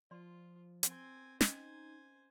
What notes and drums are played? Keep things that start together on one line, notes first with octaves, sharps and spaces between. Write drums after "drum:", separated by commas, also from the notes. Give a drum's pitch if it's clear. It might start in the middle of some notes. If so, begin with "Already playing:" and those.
F3 F4 D5 C6
C4 G#5, drum: hi-hat
C#4 D#4 C5 D#5 G#5, drum: snare